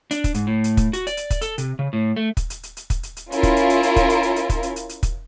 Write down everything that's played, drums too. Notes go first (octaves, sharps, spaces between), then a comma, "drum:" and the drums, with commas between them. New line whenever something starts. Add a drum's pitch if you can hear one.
D4, drum: hi-hat
drum: kick, hi-hat
G#2, drum: hi-hat
A2
drum: hi-hat
drum: kick, hi-hat
F#4, drum: hi-hat
D5, drum: hi-hat
drum: hi-hat
drum: kick, hi-hat
A4, drum: hi-hat
C3, drum: hi-hat
C#3
A2
A3
drum: kick, hi-hat
drum: hi-hat
drum: hi-hat
drum: hi-hat
drum: kick, hi-hat
drum: hi-hat
drum: hi-hat
C#4 E4 F4 A#4, drum: hi-hat
drum: kick, hi-hat
drum: hi-hat
drum: hi-hat
drum: hi-hat
drum: kick, hi-hat
drum: hi-hat
drum: hi-hat
drum: hi-hat
drum: kick, hi-hat
drum: hi-hat
drum: hi-hat
drum: hi-hat
drum: kick, hi-hat